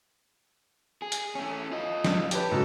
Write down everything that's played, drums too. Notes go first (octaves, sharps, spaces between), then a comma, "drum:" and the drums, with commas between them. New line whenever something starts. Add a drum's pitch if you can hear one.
G#4
drum: hi-hat
A3 C#4
F4 D#5
drum: snare
G4 B4 C#5 A5, drum: hi-hat
G#2 C#3 F#3 A4